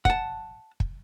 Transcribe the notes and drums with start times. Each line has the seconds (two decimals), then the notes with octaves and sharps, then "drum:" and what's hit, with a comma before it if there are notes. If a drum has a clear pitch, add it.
0.05 F#5 A5, drum: kick
0.80 drum: kick